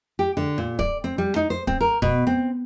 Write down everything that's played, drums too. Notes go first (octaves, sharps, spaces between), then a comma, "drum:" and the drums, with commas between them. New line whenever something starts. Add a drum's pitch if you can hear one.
G4
D3
A#2
D5, drum: kick C#1
C4
G3
D#4
C5
C4, drum: kick C#1
A#4
B2, drum: kick C#1
C4